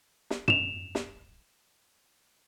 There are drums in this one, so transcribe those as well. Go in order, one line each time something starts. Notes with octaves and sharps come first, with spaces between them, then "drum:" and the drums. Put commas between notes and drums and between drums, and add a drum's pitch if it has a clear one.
drum: snare
E7 F7, drum: tom
drum: snare